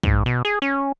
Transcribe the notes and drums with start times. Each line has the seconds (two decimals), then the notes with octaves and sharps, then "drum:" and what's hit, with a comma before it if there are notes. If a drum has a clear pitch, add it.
0.03 G#2, drum: kick
0.26 B2
0.45 G#4
0.62 C#4